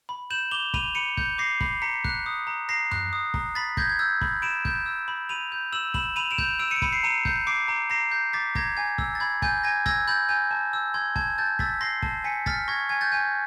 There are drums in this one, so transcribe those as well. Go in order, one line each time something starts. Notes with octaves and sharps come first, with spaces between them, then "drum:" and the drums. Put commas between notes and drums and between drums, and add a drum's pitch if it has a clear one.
B5
G6 E7 F#7
D6 F7 G7
B5 D#7 F7, drum: kick
B5 C#7 D#7
G6, drum: kick
D6 A#6 C7
B5, drum: kick
A#5 B6 C#7
F#6, drum: kick
D#6
A#5
A#5 A#6 C7
F#6, drum: tom F#2
D#6
A#5, drum: kick
B5 A6 B6
G6 G#6 A#6, drum: kick
G#6
E6 G6 A6
B5, drum: kick
B5 D7 E7
G6, drum: kick
E6
B5
B5 D#7 F7
G6
E6 E7 F#7
B5 E7 F#7, drum: kick
B5 D#7 F7
D7 E7
G6, drum: kick
E6 D7 E7
C#7 D#7
D7
B5 C#7 D#7, drum: kick
C7 D7
A#5 C#7 D#7
G6, drum: kick
D6 C7 D7
A#5
A#5 A#6 C7
G6
D6 A6 B6
A#5 G#6 A#6, drum: kick
G#5 G#6
E6, drum: kick
A6
B5 G#6
G#5 G6 A6, drum: kick
G#5 G#6 A#6
E6 G#6 A#6, drum: kick
B5 G6 A6
G#5 G6
A5
E6
C6 G#6
A5 G#6, drum: kick
A5 G6 A6
E6 A6 B6, drum: kick
C6 A#6 C7
A5, drum: kick
G#5 B6 C#7
F6 A6 B6, drum: kick
C#6 G#6 A#6
G#5 G#6
G6 A6
G#5 G6